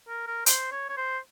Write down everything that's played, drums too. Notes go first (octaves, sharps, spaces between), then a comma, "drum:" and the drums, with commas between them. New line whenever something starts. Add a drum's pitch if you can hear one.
A#4
A#4
C5, drum: hi-hat
C#5
C#5
C5